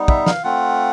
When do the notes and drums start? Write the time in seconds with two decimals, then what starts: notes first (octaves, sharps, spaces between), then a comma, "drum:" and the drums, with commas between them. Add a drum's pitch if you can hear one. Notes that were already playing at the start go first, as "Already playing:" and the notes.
Already playing: G3 B3 D#4
0.08 E5, drum: kick
0.26 F5, drum: snare
0.44 A3 C4 F4 F#5